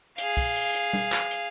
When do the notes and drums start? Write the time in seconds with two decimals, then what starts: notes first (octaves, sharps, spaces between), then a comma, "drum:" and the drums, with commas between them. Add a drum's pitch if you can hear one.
0.18 G#4 F5, drum: hi-hat
0.37 drum: kick, open hi-hat
0.56 drum: open hi-hat
0.75 drum: hi-hat
0.93 drum: tom G3
1.12 drum: clap
1.31 drum: hi-hat